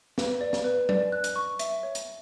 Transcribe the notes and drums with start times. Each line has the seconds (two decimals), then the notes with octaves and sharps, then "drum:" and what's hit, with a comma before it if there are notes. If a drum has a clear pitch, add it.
0.18 B4, drum: snare
0.41 D5
0.53 drum: snare
0.64 B4
0.89 D5, drum: tom F#3
1.12 F#6
1.24 drum: hi-hat
1.36 C#6
1.59 E5, drum: hi-hat
1.83 C#5
1.95 drum: hi-hat